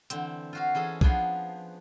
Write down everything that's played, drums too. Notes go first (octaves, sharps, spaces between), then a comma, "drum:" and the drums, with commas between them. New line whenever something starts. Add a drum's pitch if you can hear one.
D3 E3 C4, drum: hi-hat
F4 F#4 F5
E3 C#4 G#4 A4
F3 B3 D4 G#4, drum: kick